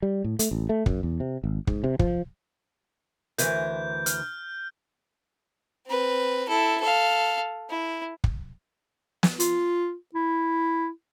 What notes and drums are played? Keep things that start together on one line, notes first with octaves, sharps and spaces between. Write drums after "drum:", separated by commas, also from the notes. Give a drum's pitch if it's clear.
G3
A2
A3, drum: hi-hat
A1
A3
F#2, drum: kick
E2
C3
G#1
G#2, drum: kick
C3
F3, drum: kick
D2 E3 A#4 G6, drum: hi-hat
F6, drum: hi-hat
C4 B4
E4 A4
A4 F5
E4
drum: kick
drum: snare
F4, drum: hi-hat
E4